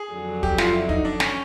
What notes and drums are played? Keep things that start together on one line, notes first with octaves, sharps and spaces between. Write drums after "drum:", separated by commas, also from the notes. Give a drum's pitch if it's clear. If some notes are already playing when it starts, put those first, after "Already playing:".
Already playing: G#4
F2 D3 F#3
G4, drum: kick
F4, drum: snare
E4
D#4, drum: kick
D4
C#4, drum: snare